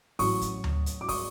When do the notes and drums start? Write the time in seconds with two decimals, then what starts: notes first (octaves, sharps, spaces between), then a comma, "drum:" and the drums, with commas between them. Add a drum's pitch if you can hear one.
0.19 A1 A2 F#3 C#6 D#6, drum: kick, open hi-hat
0.41 drum: kick, hi-hat
0.64 drum: tom D2
0.86 drum: hi-hat
1.01 D6
1.09 C#6 D#6, drum: kick, open hi-hat